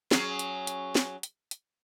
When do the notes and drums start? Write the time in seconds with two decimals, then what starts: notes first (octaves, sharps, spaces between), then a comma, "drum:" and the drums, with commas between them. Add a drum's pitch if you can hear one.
0.11 F#3 C#4 G#4, drum: snare
0.39 drum: hi-hat
0.67 drum: hi-hat
0.95 drum: snare
1.23 drum: hi-hat
1.51 drum: hi-hat